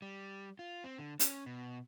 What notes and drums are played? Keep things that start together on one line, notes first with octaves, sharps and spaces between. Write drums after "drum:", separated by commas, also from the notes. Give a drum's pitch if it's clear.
G3
F4
C4
D3
C#4, drum: hi-hat
B2